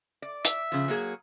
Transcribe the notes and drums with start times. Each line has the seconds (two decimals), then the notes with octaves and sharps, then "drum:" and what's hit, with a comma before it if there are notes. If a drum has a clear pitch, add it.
0.22 D5
0.45 E5, drum: hi-hat
0.72 C#3 F3
0.88 F#3 A#3 G#4